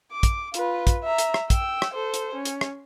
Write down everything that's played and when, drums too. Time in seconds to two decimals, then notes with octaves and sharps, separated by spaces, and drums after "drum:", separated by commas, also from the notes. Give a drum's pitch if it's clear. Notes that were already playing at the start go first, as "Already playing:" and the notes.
0.12 D6
0.23 drum: kick, hi-hat
0.54 F4 B4, drum: hi-hat
0.87 drum: kick, hi-hat
1.04 E5 A#5
1.18 drum: hi-hat
1.34 drum: rim click
1.50 G5 E6, drum: kick, hi-hat
1.82 drum: rim click
1.94 A4 C5
2.14 drum: hi-hat
2.34 C#4
2.45 drum: hi-hat
2.61 drum: rim click